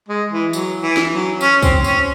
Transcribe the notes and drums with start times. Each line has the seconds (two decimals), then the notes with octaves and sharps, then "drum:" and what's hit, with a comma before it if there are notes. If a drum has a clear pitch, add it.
0.08 G#3
0.32 E3
0.53 F#3, drum: tambourine
0.83 E3
0.97 drum: snare
1.11 F#3
1.41 C#4, drum: tambourine
1.62 C4, drum: kick, tambourine
1.84 C#4, drum: tambourine